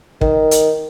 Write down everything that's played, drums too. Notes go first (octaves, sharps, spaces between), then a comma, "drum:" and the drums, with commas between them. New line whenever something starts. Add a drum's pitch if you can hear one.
D#3, drum: kick
drum: hi-hat